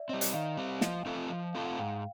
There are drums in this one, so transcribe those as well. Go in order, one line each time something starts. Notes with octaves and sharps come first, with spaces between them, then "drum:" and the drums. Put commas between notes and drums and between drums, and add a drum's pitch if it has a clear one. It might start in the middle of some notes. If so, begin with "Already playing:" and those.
Already playing: D5 E5
G3 C4 C#5 D#5
drum: hi-hat
D#3 D#5 F5
G3 C4
F#5
F3 D#5 F5, drum: snare
A3 C4 F4 A4
F3
A3 C4 F4 A4 F5
F#5
G#2 F5 G5